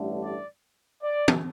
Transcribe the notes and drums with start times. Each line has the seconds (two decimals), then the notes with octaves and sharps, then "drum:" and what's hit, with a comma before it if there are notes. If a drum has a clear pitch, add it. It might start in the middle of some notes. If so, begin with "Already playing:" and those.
Already playing: A1 G2 D3 A3
0.22 D5
1.02 D5
1.28 drum: tom